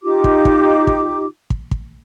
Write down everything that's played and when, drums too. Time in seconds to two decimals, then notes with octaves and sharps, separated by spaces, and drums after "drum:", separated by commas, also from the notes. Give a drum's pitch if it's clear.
0.03 D#4 F4 G4 D6
0.24 drum: kick
0.45 drum: kick
0.87 drum: kick
1.50 drum: kick
1.71 drum: kick